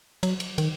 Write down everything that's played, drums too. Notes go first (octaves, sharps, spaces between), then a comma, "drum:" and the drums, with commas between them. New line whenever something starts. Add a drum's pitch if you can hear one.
F#3, drum: cymbal
drum: cymbal
D#3, drum: cymbal